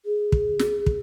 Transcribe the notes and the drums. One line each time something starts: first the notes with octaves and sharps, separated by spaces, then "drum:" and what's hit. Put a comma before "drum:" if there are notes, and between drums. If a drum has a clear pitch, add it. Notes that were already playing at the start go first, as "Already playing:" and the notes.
G#4
drum: kick
drum: snare
drum: kick